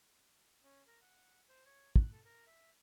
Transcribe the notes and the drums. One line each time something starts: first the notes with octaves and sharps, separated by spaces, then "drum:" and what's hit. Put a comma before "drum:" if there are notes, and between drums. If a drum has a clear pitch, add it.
C#4
A#4
F#5
C5
C#5
F#6, drum: kick
A4
A#4
E5